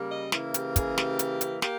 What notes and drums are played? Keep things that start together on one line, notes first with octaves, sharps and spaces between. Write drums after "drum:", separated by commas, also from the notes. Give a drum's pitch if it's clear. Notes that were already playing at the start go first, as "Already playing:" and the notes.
Already playing: C#3 G3 A#3
D#5
C#3 E3 A#3 E4, drum: snare
G4, drum: hi-hat
G#4, drum: kick, hi-hat
G4, drum: snare
drum: hi-hat
drum: hi-hat
A#3 G4, drum: snare